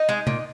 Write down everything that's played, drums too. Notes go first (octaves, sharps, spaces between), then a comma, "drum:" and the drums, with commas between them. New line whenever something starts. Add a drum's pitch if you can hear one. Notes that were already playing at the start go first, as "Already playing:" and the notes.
Already playing: D#4 D#5
G#3
A#2, drum: tom